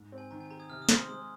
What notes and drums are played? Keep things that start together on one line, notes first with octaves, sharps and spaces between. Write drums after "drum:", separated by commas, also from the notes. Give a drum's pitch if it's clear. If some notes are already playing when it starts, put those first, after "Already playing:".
Already playing: G#2
C4
G#5
D#3 A#5
G#5
G#4 A#5
D#6 G#6
C3 F6
D#6
C4, drum: snare
C6
G#3 D#6